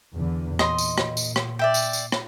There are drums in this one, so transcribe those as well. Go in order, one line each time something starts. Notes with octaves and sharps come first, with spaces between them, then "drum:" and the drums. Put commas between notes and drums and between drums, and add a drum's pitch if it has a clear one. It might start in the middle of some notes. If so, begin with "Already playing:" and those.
E2 D3
A#2 D#5 C6, drum: rim click
drum: tambourine
drum: rim click
drum: tambourine
drum: rim click
D5 E5 G5
drum: tambourine
drum: tambourine
drum: rim click